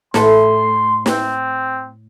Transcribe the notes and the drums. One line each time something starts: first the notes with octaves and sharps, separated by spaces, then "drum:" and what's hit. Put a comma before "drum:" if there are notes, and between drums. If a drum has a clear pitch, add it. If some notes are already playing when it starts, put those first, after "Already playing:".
A2 A3 C6, drum: snare
C4, drum: snare